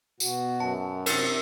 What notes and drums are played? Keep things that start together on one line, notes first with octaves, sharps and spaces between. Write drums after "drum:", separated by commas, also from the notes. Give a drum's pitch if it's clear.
B2 F#4, drum: tambourine
F#2 A5
C3 A#4 E6 A6, drum: cymbal